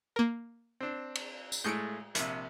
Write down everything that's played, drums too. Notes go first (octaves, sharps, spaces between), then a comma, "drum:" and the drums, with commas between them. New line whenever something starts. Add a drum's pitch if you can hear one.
A#3 A#4
C4 D4
drum: cymbal
drum: tambourine
A2 G#3 A3 G6 C#7 D7
A#1 C3, drum: hi-hat